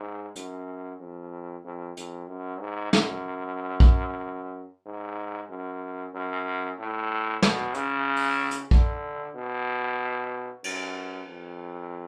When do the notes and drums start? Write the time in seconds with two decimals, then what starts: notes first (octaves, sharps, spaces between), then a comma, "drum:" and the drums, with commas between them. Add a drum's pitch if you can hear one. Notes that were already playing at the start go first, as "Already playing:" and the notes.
Already playing: G#2
0.36 F#2, drum: hi-hat
1.00 F2
1.64 F2
1.97 F2, drum: hi-hat
2.28 F#2
2.60 G#2
2.93 F#2, drum: snare
3.80 drum: kick
4.86 G#2
5.50 F#2
6.14 F#2
6.78 A2
7.42 B2, drum: snare
7.74 C#3, drum: hi-hat
8.16 drum: open hi-hat
8.51 drum: hi-hat
8.71 D3, drum: kick
9.36 B2
10.64 F#2, drum: cymbal
11.28 F2